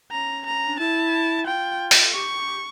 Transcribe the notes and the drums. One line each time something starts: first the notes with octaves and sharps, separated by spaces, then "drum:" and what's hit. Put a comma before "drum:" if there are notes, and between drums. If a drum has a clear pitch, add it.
C#4 A#5
A#5
D4
E4 A5
F4 G5
drum: open hi-hat
A4
G4 C#6
G4